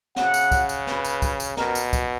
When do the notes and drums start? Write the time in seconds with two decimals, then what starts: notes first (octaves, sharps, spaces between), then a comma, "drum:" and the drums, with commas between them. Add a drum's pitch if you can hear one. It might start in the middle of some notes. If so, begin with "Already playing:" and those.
0.16 C#3 F#5, drum: snare
0.34 drum: tambourine
0.51 drum: kick, tambourine
0.69 drum: tambourine
0.87 B4, drum: snare
1.04 drum: tambourine
1.22 drum: kick, tambourine
1.40 drum: tambourine
1.57 B2 A#4, drum: snare
1.75 drum: tambourine
1.93 drum: kick, tambourine